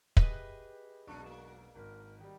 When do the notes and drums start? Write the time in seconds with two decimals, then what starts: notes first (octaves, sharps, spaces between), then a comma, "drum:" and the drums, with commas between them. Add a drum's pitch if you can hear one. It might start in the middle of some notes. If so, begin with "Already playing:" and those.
0.17 G4 G#4 B4 D#5 E5, drum: kick
1.07 E1 B1 C3 D4 C#6
1.26 A#3 F#4
1.75 G#1 A#4
2.20 D#3 G3